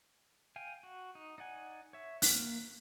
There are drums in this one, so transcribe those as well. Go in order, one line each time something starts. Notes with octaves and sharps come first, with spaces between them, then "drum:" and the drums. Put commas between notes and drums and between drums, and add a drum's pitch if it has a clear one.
F5 G5 G#5
F#4
D#4
D#4 D5 F#5 G#5
C#5 E5
A#3 F6 F#6, drum: open hi-hat